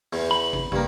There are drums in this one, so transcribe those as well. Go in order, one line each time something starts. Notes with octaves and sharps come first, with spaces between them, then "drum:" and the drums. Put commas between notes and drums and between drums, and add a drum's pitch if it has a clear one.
E2, drum: open hi-hat
B5
drum: kick
G2 A#3, drum: kick